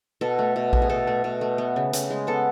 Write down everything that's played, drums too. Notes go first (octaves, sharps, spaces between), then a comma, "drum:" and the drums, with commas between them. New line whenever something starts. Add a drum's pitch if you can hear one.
B2 A4
A3
B2
A3, drum: kick A#1
G#4
B2 A4
A3
B2
A3
B3
C#3
C#3, drum: hi-hat
G#3
B3 A4